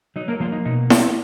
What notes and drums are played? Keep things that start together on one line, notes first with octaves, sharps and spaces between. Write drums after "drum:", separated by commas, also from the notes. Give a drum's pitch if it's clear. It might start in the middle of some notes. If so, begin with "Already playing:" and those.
F#3 D#4
A#3 A#4
F3 A#3 F4
D#4
B2 D#4
drum: snare E4